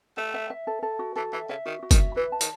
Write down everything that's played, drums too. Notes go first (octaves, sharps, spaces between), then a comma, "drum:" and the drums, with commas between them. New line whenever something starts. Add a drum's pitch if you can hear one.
A3 E5
E5
E5
A4
A4
F#4
E3 A4
E3 E5
C#3 E5
D#3 F#4
F#4
D#3, drum: kick, hi-hat
E5
E3 B4
A5
D#3, drum: hi-hat